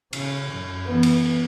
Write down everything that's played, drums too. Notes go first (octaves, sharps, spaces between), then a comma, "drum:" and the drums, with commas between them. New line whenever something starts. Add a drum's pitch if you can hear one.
C#3, drum: cymbal
F#2
E3 B3
drum: cymbal